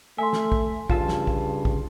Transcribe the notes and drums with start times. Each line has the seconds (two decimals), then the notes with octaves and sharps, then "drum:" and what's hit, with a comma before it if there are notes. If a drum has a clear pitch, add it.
0.18 A3 E5 G#5 C6
0.33 drum: snare
0.52 drum: kick
0.90 G2 C#3 F4 A5 E6, drum: kick
1.08 drum: snare
1.27 drum: kick
1.65 drum: kick